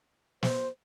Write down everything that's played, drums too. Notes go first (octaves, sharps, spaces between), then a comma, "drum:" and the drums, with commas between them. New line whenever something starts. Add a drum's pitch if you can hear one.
C5, drum: snare